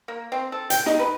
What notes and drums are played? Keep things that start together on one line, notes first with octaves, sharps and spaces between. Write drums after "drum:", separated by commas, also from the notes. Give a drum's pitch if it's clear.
A#3
C4
A4
G5, drum: hi-hat
D#4, drum: snare
B4